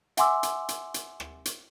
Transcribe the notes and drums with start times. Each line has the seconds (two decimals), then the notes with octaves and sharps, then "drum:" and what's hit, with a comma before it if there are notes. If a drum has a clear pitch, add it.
0.17 E5 F#5 G#5 C6 D6 E6, drum: hi-hat
0.43 drum: hi-hat
0.69 drum: hi-hat
0.94 drum: hi-hat
1.20 drum: rim click
1.45 drum: hi-hat